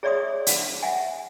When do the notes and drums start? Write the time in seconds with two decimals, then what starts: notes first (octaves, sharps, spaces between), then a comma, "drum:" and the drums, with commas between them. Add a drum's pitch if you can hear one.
0.03 G#4 C#5 D5 E5 C6 D#6
0.47 drum: hi-hat
0.82 E5 F#5 G#5